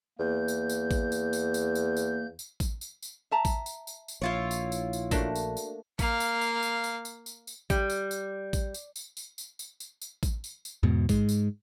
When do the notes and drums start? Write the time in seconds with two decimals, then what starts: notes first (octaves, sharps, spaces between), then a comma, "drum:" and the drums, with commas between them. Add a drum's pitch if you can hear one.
0.19 E2 A#3 G6
0.48 drum: tambourine
0.69 drum: tambourine
0.91 drum: kick A1, tambourine
1.12 drum: tambourine
1.33 drum: tambourine
1.54 drum: tambourine
1.75 drum: tambourine
1.97 drum: tambourine
2.39 drum: tambourine
2.60 drum: kick A1, tambourine
2.81 drum: tambourine
3.02 drum: tambourine
3.31 E5 A5 A#5
3.45 drum: kick A1, tambourine
3.66 drum: tambourine
3.87 drum: tambourine
4.08 drum: tambourine
4.22 A#1 E4 F4 C#5
4.51 drum: tambourine
4.72 drum: tambourine
4.93 drum: tambourine
5.11 A3 A#3 D4 F#4, drum: kick A1, tambourine
5.35 drum: tambourine
5.57 drum: tambourine
5.99 A#3 F5, drum: kick A1, tambourine
6.20 drum: tambourine
6.41 drum: tambourine
6.63 drum: tambourine
6.84 drum: tambourine
7.05 drum: tambourine
7.26 drum: tambourine
7.47 drum: tambourine
7.70 G3, drum: kick A1, tambourine
7.90 drum: tambourine
8.11 drum: tambourine
8.53 drum: kick A1, tambourine
8.74 drum: tambourine
8.96 drum: tambourine
9.17 drum: tambourine
9.38 drum: tambourine
9.59 drum: tambourine
9.80 drum: tambourine
10.02 drum: tambourine
10.23 drum: kick A1, tambourine
10.44 drum: tambourine
10.65 drum: tambourine
10.83 E2 G#2 B2
11.09 G#2 G#3, drum: kick A1, tambourine
11.29 drum: tambourine